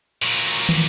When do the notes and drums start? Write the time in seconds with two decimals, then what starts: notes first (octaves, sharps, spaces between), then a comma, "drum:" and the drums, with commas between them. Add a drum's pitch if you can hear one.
0.22 A#2 F#3
0.69 drum: tom